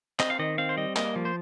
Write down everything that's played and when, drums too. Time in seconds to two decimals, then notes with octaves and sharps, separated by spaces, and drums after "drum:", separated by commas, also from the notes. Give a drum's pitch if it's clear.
0.20 C4 D#5, drum: clap
0.30 F5
0.39 D#3 D#5
0.58 C4 F5
0.69 C5
0.77 G3 D#5
0.96 A#3 D#5, drum: clap
1.16 F3
1.25 C5